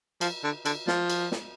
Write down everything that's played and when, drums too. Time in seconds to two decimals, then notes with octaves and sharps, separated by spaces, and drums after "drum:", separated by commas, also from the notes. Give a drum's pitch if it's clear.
0.21 F3, drum: cymbal
0.44 D3
0.66 D3, drum: cymbal
0.87 F3, drum: snare
1.10 drum: cymbal
1.32 drum: snare